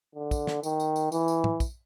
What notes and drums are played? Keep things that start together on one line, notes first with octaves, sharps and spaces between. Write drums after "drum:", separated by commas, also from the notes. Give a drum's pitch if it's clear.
D3
drum: kick, tambourine
drum: snare
D#3, drum: tambourine
drum: tambourine
drum: tambourine
E3, drum: tambourine
drum: tambourine
drum: tom
drum: kick, tambourine